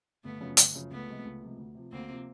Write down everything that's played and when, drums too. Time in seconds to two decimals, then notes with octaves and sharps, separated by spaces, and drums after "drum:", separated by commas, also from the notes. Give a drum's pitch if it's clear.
0.24 G1 A3 B3
0.41 F#2 C#3 F3
0.57 G1, drum: hi-hat
0.75 F#2 C#3 F3
0.91 C#2 A3 B3
1.07 C3 F3 G#3
1.25 C#2
1.42 C3 F3 G#3
1.58 D2
1.75 C3 F3
1.92 D2 A#3 C4
2.09 C3 F3